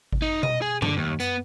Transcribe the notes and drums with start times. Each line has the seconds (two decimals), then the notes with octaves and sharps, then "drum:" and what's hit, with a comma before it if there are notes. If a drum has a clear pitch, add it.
0.12 drum: kick G#1
0.22 D#4
0.43 D#5, drum: tom B2
0.62 G#4
0.82 D3, drum: tom F#2
0.97 D#2
1.20 B3, drum: hi-hat